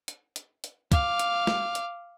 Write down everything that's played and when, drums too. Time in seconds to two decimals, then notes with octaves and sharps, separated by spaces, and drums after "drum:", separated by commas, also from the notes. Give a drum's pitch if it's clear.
0.08 drum: hi-hat
0.36 drum: hi-hat
0.64 drum: hi-hat
0.92 F5 D6, drum: kick, hi-hat
1.19 drum: hi-hat
1.47 drum: snare
1.75 drum: hi-hat